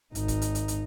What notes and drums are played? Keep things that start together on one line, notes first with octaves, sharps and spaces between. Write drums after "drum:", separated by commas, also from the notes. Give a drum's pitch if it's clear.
G#1 D#4, drum: hi-hat
drum: kick, hi-hat
drum: hi-hat
drum: hi-hat
drum: hi-hat